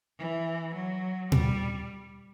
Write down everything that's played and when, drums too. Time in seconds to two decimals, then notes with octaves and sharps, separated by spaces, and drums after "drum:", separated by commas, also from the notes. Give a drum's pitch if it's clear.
0.19 E3
0.76 F#3
1.32 G3, drum: tom A#2